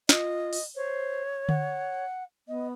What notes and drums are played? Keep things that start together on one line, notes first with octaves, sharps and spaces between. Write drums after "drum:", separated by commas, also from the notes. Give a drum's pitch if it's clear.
F4 D#5, drum: snare
drum: open hi-hat
C5 C#5
F#5, drum: tom D3
B3 D#5